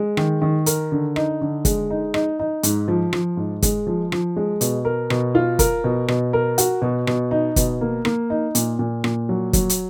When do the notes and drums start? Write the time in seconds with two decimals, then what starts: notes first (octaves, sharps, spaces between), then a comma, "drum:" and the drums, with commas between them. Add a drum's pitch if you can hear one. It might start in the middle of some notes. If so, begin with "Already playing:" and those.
Already playing: G#3
0.17 D#3, drum: rim click
0.42 D#3
0.66 A#4, drum: hi-hat
0.92 D3
1.16 D#4, drum: rim click
1.41 D3
1.65 G#3, drum: kick, hi-hat
1.90 D#4
2.14 D#4, drum: rim click
2.39 D#4
2.63 G#2, drum: hi-hat
2.88 F3
3.13 F3, drum: rim click
3.37 G#2
3.62 G#3, drum: kick, hi-hat
3.87 F3
4.12 F3, drum: rim click
4.37 G#3
4.61 B2, drum: hi-hat
4.85 A#4
5.10 B2, drum: rim click
5.35 F4
5.59 A#4, drum: kick, hi-hat
5.84 B2
6.08 B2, drum: rim click
6.33 A#4
6.58 F#4, drum: hi-hat
6.82 B2
7.07 B2, drum: rim click
7.31 D#4
7.56 B2, drum: kick, hi-hat
7.81 A#3
8.05 A#3, drum: rim click
8.30 D#4
8.55 A#2, drum: hi-hat
8.79 A#2
9.04 A#2, drum: rim click
9.29 F#3
9.53 F#3, drum: kick, hi-hat
9.69 drum: hi-hat